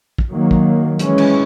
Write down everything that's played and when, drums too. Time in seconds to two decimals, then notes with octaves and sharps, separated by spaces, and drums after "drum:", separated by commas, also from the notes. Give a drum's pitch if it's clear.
0.19 drum: kick
0.31 D#3 F#3 A#3
0.51 drum: kick
0.99 E3 G#3 C#4, drum: hi-hat
1.18 drum: cymbal